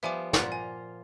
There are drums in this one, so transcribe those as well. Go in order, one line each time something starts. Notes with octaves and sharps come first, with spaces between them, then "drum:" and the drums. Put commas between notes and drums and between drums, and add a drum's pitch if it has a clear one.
F3 G3 B3 E5 G#5 D6
A#2 F4 F#5 A#5 D6 F#6, drum: snare
G#5